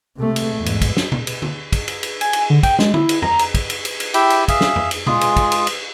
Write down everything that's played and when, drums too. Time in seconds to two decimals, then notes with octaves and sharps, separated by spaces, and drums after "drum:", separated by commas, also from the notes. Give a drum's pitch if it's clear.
0.17 C3 A3
0.36 drum: cymbal
0.56 E2 G#2
0.66 drum: cymbal
0.82 drum: kick, cymbal
0.97 drum: snare
1.12 drum: tom B2
1.27 drum: cymbal
1.42 drum: tom D3
1.73 drum: kick, cymbal
1.88 drum: cymbal
2.03 drum: cymbal
2.21 G#5, drum: cymbal
2.33 drum: cymbal
2.50 D3
2.63 G5, drum: kick, cymbal
2.79 G#3, drum: snare
2.94 E4, drum: tom D3
3.09 drum: cymbal
3.22 A#5, drum: tom F2
3.39 drum: cymbal
3.55 drum: kick, cymbal
3.70 drum: cymbal
3.85 drum: cymbal
4.00 drum: cymbal
4.14 E4 G4 E5 G5, drum: cymbal
4.30 drum: cymbal
4.48 G#4 E5 F5, drum: kick, cymbal
4.61 drum: snare
4.76 drum: tom F2
4.91 drum: cymbal
5.07 G#3 F4 G#4, drum: tom B2
5.21 drum: cymbal
5.36 drum: kick, cymbal
5.52 drum: cymbal
5.67 drum: cymbal